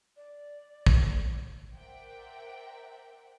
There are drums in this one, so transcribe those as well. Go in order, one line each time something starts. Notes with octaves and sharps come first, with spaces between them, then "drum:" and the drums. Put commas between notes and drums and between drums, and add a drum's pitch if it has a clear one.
D5
drum: kick
A#4 C5 D5 E5 F#5 G5